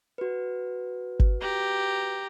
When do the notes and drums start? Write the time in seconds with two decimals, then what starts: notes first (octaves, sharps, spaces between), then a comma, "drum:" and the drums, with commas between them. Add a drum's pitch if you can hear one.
0.18 F#4 B4
1.20 drum: kick G#1
1.41 G4 A#5